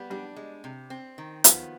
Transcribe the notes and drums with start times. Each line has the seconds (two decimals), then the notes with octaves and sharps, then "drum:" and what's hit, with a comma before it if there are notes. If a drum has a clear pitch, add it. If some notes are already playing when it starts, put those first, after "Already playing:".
Already playing: G3 B3
0.10 G3 D4
0.36 G#3
0.64 C3
0.90 C4
1.18 D#3
1.44 F3 B3, drum: hi-hat